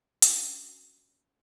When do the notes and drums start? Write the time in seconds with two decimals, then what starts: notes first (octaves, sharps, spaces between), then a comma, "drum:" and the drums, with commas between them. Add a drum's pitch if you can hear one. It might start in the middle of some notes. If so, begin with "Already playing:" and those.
0.22 C#4 D4 F#4, drum: hi-hat